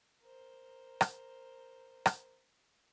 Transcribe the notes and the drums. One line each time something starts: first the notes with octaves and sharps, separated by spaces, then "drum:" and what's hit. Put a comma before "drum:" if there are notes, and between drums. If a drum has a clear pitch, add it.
A#4 C5
drum: rim click
drum: rim click